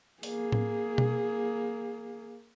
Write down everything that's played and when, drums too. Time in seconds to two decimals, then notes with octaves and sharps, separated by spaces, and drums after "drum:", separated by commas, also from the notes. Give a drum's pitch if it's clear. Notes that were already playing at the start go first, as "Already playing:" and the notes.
0.23 A#3 G#4, drum: open hi-hat
0.52 drum: tom A2
0.98 drum: tom B2